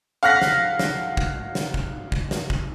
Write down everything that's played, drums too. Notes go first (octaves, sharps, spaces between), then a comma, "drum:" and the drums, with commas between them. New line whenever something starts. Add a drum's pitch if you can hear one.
F5 F#5 F6 F#6 A#6 B6
drum: snare
drum: snare
drum: kick
drum: snare
drum: kick
drum: kick
drum: snare
drum: kick